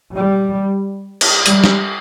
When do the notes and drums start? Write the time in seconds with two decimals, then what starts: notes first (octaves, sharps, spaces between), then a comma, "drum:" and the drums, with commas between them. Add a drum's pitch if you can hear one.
0.15 G3
1.21 drum: cymbal
1.46 G3, drum: hi-hat
1.64 drum: snare